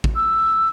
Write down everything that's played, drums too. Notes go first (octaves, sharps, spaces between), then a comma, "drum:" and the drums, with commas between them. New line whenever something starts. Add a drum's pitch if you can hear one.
drum: kick
E6